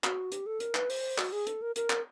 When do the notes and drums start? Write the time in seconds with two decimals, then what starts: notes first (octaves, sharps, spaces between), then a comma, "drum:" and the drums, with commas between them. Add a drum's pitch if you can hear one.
0.04 F#4, drum: clap
0.32 G4, drum: hi-hat
0.46 A4
0.60 A#4, drum: hi-hat
0.75 B4, drum: clap
0.90 C5, drum: open hi-hat
1.18 F#4, drum: clap
1.32 G#4
1.47 A4, drum: hi-hat
1.62 A#4
1.76 A#4, drum: hi-hat
1.90 drum: clap